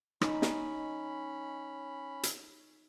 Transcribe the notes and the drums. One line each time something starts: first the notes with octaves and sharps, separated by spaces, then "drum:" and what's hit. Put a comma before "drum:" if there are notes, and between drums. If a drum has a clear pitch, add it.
C#4 D#4 B5, drum: rim click
drum: snare
drum: hi-hat